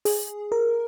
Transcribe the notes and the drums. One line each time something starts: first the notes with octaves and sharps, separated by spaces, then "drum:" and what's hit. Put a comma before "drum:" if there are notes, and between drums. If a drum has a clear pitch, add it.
G#4, drum: open hi-hat
A#4